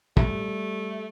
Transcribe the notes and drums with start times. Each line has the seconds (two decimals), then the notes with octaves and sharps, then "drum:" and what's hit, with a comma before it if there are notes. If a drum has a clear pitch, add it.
0.17 G3 A3, drum: kick